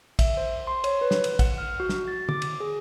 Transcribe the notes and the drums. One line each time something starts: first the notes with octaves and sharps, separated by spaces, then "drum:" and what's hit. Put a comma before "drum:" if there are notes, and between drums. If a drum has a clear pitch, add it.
E5, drum: kick, cymbal
C5
C6
C#5, drum: cymbal
B4
drum: snare
drum: cymbal
F#5, drum: kick, cymbal
F6
F#4
drum: snare
A6
D6, drum: tom
drum: cymbal
G#4